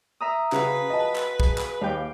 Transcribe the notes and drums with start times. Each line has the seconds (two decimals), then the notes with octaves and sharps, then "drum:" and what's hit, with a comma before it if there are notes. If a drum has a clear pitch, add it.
0.21 E5 A#5 D#6
0.52 C#3 F#4 G#4 B4 F5, drum: clap
0.90 D#5 A5
1.16 drum: clap
1.40 G#4, drum: kick
1.58 drum: clap
1.81 D#2 F5 G5 D6